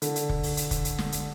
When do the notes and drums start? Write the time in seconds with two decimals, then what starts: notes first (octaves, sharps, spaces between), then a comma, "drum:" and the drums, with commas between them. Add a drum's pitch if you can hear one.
0.02 D3, drum: hi-hat
0.16 drum: hi-hat
0.29 drum: kick
0.43 drum: open hi-hat
0.57 drum: hi-hat
0.71 drum: kick, hi-hat
0.85 drum: hi-hat
0.98 drum: snare
1.12 drum: hi-hat